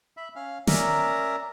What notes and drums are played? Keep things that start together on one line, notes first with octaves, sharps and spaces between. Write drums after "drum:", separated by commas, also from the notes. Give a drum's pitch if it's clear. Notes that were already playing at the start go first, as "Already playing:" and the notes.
E5 B5
C#4 F5
C#4 A#4 D5 E5 A#5, drum: snare